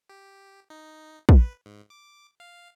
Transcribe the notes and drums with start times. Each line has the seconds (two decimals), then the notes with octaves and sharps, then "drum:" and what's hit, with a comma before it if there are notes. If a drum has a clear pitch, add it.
0.09 G4
0.70 D#4
1.29 B4, drum: kick
1.66 G#2
1.90 D6
2.40 F5